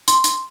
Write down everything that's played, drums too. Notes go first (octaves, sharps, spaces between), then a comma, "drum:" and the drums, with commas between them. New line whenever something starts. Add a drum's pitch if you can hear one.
C6, drum: hi-hat
drum: hi-hat